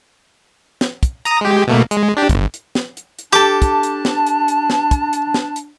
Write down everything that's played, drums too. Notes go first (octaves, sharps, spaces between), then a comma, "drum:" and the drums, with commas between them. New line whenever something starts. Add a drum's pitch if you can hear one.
drum: snare
drum: kick, hi-hat
A#5 D#6, drum: hi-hat
G#3 G4
B2 A3 A#3
G#3, drum: hi-hat
D4 G4
G1, drum: kick, hi-hat
drum: hi-hat
drum: snare
drum: hi-hat
drum: hi-hat
D4 G4 A4 A5 D6
drum: kick, hi-hat
drum: hi-hat
drum: snare
drum: hi-hat
drum: hi-hat
drum: snare
drum: kick, hi-hat
drum: hi-hat
drum: snare
drum: hi-hat